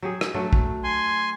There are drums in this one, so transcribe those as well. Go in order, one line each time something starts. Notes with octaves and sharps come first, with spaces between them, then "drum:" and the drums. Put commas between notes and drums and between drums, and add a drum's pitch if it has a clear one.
F#3 G4 G#4
drum: rim click
F#3 A3 D4
drum: kick
G#5 C6